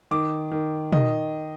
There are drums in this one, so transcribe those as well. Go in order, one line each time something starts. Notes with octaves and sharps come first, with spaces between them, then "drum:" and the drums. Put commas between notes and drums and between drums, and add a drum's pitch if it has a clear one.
D#3 D6
D#3
D#3 D#5, drum: tom